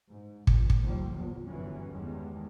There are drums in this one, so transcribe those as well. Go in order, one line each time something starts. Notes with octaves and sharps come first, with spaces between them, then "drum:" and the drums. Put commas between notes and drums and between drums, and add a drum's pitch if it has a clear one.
G#2
C#2 G2, drum: kick
drum: kick
D#2 A#2 D3 F3 G3
E2 F#3
G1 F#2 E3 F#3 G3 C#4
E2 D#3 G3 G#3